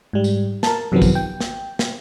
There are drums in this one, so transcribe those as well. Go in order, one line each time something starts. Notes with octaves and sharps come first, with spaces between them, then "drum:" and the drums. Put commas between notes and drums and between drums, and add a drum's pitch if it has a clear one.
G#2 G3
drum: tambourine
A#4 A5, drum: snare
F#2 C3 D#3 F3 F#3 B3
drum: kick, tambourine
G5
drum: snare
drum: snare